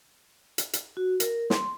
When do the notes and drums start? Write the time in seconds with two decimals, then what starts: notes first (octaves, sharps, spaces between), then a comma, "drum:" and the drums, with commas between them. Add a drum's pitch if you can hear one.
0.58 drum: hi-hat
0.73 drum: hi-hat
0.97 F#4
1.20 A#4, drum: hi-hat
1.50 C6, drum: snare